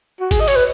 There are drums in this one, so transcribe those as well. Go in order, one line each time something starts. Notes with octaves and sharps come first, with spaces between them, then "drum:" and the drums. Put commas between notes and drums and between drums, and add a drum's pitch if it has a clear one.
F#4
G#4, drum: kick A1, cymbal
D#5
C#5, drum: cymbal
B4